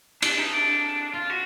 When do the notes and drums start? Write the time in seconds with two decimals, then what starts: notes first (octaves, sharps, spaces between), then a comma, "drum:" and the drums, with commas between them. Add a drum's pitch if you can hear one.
0.22 D4, drum: cymbal
0.38 D#4
0.53 D4
1.14 F4
1.30 F#4